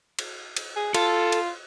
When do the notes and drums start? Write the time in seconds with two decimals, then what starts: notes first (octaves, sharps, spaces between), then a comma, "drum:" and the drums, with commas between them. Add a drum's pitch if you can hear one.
0.19 drum: cymbal
0.57 drum: cymbal
0.76 G#4
0.94 F4 A4, drum: cymbal
1.32 drum: cymbal